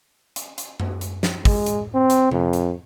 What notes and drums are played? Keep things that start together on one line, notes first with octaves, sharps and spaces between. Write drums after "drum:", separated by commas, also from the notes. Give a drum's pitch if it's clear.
drum: hi-hat
drum: hi-hat
drum: tom F#2
drum: hi-hat
drum: snare
G#3, drum: kick, open hi-hat
drum: hi-hat
C4
drum: hi-hat
F2, drum: tom C3
drum: hi-hat